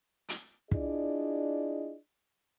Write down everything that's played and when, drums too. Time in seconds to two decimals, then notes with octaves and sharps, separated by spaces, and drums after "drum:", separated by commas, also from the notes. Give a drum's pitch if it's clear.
0.29 drum: hi-hat
0.71 D4 E4 F4 G#4 D5 D#5, drum: kick